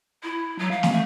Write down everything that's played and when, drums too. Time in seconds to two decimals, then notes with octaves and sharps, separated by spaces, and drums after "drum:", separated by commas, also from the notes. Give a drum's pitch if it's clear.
0.23 E4
0.59 F#3
0.71 F5
0.83 drum: snare
0.92 A3